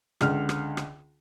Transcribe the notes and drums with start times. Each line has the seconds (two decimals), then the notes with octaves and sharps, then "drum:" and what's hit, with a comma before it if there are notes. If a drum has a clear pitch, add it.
0.21 C#2 D3 F6, drum: rim click
0.49 drum: rim click
0.77 drum: rim click